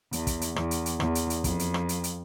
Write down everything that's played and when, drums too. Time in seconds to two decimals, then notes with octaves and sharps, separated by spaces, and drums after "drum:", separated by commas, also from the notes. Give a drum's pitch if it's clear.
0.13 E2, drum: hi-hat
0.27 drum: kick, hi-hat
0.41 drum: hi-hat
0.56 E2, drum: rim click
0.71 drum: hi-hat
0.86 drum: hi-hat
1.00 E2, drum: rim click
1.15 drum: hi-hat
1.30 drum: hi-hat
1.44 F2, drum: kick, hi-hat
1.59 drum: hi-hat
1.74 drum: rim click
1.89 drum: hi-hat
2.04 drum: hi-hat